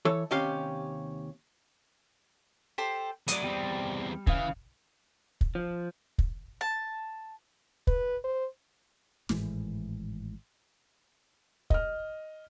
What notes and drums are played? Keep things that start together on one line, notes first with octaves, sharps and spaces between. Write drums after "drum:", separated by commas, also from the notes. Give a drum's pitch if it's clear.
E3 A4 C#5
D#2 C3 C#4 G4 F5
G4 A4 C5
A2 F#3 D5 D#6, drum: hi-hat
E2 G3 C4
C#3 E3 F5, drum: kick
drum: kick
F3
drum: kick
A5
B4, drum: kick
C5
G#1 A2 E3 G#3, drum: snare
D#5 F6, drum: kick